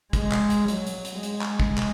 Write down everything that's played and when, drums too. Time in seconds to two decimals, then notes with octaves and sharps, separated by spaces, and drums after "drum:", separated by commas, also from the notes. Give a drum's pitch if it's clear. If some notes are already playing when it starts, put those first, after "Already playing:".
0.13 G#3, drum: kick, hi-hat
0.32 drum: clap
0.50 drum: hi-hat
0.68 F#3, drum: hi-hat
0.87 drum: hi-hat
1.05 drum: hi-hat
1.23 G#3, drum: hi-hat
1.41 drum: clap
1.60 drum: kick
1.78 drum: clap